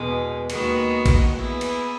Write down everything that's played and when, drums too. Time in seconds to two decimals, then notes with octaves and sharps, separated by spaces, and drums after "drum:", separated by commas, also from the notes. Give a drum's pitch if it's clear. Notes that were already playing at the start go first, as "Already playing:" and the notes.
Already playing: E2 B2 G#3
0.50 D#2 D#3 G#3 B3 F#4, drum: cymbal
1.06 drum: kick, cymbal
1.33 E3 B3 E4 G#4
1.61 drum: cymbal